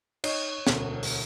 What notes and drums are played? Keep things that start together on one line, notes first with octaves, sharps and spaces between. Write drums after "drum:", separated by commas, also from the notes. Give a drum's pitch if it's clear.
D#4 C#5 D#5 C7, drum: cymbal
E1 D2, drum: snare
drum: open hi-hat